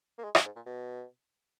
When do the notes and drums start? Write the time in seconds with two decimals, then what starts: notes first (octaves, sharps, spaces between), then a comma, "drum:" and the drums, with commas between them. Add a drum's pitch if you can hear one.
0.18 A#3
0.24 G#3
0.35 F#3, drum: rim click
0.45 G#2
0.56 A#2
0.66 B2